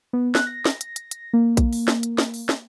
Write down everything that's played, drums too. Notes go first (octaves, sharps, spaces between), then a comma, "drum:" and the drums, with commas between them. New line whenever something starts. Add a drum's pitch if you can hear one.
B3
F#6, drum: snare
A#6
drum: snare
drum: hi-hat
drum: hi-hat
drum: hi-hat
A#3
drum: kick A#1, hi-hat
drum: open hi-hat
drum: snare
drum: hi-hat
drum: snare
drum: open hi-hat
drum: snare